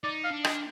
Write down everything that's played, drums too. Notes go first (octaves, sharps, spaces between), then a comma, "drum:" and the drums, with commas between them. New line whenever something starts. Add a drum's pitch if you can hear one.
D#4 D5
F5
D4
D#5, drum: rim click